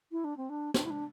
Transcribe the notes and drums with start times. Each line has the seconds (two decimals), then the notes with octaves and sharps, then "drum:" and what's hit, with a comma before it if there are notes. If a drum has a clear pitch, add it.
0.11 E4
0.24 D4
0.37 C4
0.49 D4
0.74 D4, drum: snare
0.85 E4
0.90 D4